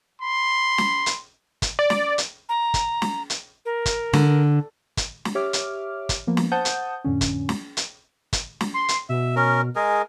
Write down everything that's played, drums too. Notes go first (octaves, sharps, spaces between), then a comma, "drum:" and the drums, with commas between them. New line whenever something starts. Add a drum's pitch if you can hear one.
B5 C6
drum: snare
drum: hi-hat
drum: kick, hi-hat
D5
drum: snare
drum: hi-hat
A#5
drum: kick, hi-hat
drum: snare
drum: hi-hat
A#4
drum: kick, hi-hat
D3, drum: snare
drum: kick, hi-hat
drum: snare
G4 C#5 E5 D6 F6
drum: hi-hat
drum: kick, hi-hat
F3 A#3 B3
drum: snare
C5 F#5 A5 D#6 G6
drum: hi-hat
F2 A2 D3 C#4
drum: kick, hi-hat
drum: snare
drum: hi-hat
drum: kick, hi-hat
drum: snare
C6
drum: hi-hat
B2 E5
C#4 A#4
G#3 G#4 A#4